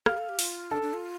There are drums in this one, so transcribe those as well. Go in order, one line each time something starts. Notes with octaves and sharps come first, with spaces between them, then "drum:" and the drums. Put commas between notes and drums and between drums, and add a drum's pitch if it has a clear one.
G4 F5 F6, drum: rim click
A4
G4
F4, drum: open hi-hat
D4 A4 A5
D4
F4